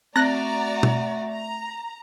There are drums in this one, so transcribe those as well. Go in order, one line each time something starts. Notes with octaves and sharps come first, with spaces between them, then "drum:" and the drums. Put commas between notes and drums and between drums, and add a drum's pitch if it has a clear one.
A3 C4 F#4 D5 A#5 F#6 A#6
drum: tom B2
A#5